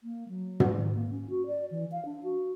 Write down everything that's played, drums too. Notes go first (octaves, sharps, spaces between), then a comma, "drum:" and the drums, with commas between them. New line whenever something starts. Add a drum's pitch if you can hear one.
A#3
F#3
drum: tom
D#3
A#3
C#4
F#4
D5
E3
F5
D4
F#4